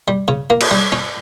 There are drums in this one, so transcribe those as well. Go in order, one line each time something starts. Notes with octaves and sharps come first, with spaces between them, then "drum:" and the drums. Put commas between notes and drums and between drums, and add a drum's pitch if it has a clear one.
G3
C#3
A#3
drum: cymbal
G3
C#4